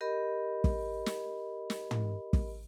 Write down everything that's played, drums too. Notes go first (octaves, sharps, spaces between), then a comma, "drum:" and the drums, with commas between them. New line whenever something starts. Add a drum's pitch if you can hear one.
G4 A#4 D#5 B5
drum: kick
drum: snare
drum: snare
drum: tom
drum: kick